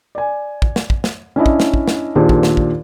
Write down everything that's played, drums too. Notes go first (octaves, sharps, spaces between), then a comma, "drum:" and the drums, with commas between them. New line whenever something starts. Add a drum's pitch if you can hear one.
D5 G#5
drum: kick
drum: snare
drum: kick
drum: snare
C#4 D4 E4 D#5
drum: kick
drum: snare
drum: kick
drum: snare
D#2 A#2 D4 G4 G#4 C5
drum: kick
drum: snare
drum: kick